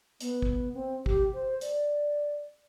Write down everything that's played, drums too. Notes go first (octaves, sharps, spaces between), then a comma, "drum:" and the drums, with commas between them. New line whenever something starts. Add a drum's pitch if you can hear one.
B3, drum: hi-hat
drum: kick
C4
G4, drum: kick
C5
D5, drum: hi-hat